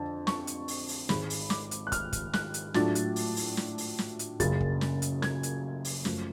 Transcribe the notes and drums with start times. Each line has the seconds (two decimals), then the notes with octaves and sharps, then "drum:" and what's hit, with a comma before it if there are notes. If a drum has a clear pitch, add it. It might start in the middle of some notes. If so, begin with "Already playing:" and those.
Already playing: F2 D3 A5
0.27 C#6, drum: snare
0.47 drum: hi-hat
0.68 drum: open hi-hat
0.89 drum: open hi-hat
1.09 G#1 G#2 G#3 B5, drum: snare
1.30 drum: open hi-hat
1.50 D6, drum: snare
1.71 drum: hi-hat
1.87 F#6
1.92 F6, drum: kick, hi-hat
2.13 drum: kick, hi-hat
2.33 F#6, drum: snare
2.54 drum: hi-hat
2.74 A2 F#3 A3 D4 F4 A6, drum: snare
2.95 drum: hi-hat
3.16 drum: open hi-hat
3.37 drum: open hi-hat
3.57 drum: snare
3.78 drum: open hi-hat
3.99 drum: snare
4.19 drum: hi-hat
4.40 F#1 F#2 C#3 A6, drum: kick, hi-hat
4.61 drum: kick
4.81 drum: snare
5.02 drum: hi-hat
5.22 G#6, drum: snare
5.43 drum: hi-hat
5.85 drum: open hi-hat
6.05 F#2 F3 A3 F4, drum: snare